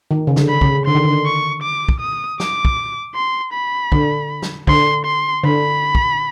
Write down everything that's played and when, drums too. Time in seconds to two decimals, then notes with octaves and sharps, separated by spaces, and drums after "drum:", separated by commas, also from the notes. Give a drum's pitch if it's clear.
0.11 D#3
0.27 C#3
0.36 D3, drum: snare
0.49 B5
0.61 C#3, drum: kick
0.86 D3 C6
0.95 D#3
1.04 D3
1.26 C#6
1.63 D6
1.89 drum: kick
2.01 D#6
2.40 D6, drum: snare
2.65 drum: kick
3.15 C6
3.54 B5
3.92 D3, drum: kick
4.42 drum: snare
4.67 D3 C6, drum: kick
5.06 C6
5.43 D3 B5
5.95 drum: kick